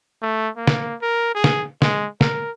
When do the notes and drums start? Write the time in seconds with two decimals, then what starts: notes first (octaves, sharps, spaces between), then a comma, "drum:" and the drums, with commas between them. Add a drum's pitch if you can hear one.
0.22 A3
0.56 A#3
0.67 drum: snare
1.02 A#4
1.34 G#4
1.44 drum: snare
1.82 G#3, drum: snare
2.21 A#4, drum: snare